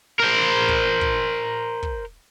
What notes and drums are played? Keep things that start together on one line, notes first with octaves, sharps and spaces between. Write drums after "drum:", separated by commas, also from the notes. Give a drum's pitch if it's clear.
A#4 C5
drum: kick
drum: kick
drum: kick